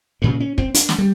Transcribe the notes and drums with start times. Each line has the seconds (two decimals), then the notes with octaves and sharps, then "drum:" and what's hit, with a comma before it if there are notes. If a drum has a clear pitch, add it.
0.22 G2 A#2 C#3
0.40 C#4
0.58 C4, drum: kick
0.74 D4, drum: hi-hat
0.89 drum: snare
0.98 G3